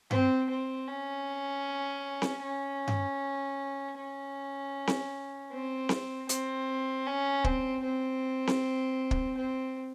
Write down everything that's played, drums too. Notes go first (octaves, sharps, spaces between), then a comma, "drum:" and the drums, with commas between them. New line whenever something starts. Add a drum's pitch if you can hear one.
C4, drum: tom G2
C4
C#4
drum: snare C4
C#4
drum: tom G2
C#4
drum: snare C4
C4
drum: snare C4
C4, drum: hi-hat
C#4
C4, drum: kick
C4
drum: snare C4
drum: kick
C4